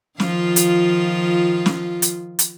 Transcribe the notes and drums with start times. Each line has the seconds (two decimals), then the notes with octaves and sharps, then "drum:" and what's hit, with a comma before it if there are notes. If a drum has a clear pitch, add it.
0.20 D#3 F3 F4, drum: snare
0.56 drum: hi-hat
1.66 drum: snare
2.02 drum: hi-hat
2.39 drum: hi-hat